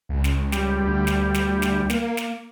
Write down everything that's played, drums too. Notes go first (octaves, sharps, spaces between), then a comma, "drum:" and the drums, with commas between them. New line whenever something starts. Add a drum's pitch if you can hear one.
C#2
drum: snare
G3, drum: snare
D2
drum: snare
drum: snare
drum: snare
A#3, drum: snare
drum: snare